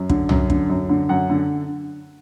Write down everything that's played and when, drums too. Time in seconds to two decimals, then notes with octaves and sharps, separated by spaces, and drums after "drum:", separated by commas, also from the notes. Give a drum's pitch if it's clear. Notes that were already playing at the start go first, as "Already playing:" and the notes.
Already playing: F#2
0.09 D3, drum: kick
0.29 F#2, drum: tom C2
0.50 D3, drum: kick
0.70 F#2
0.89 D3
1.09 F#2 F#5
1.30 D3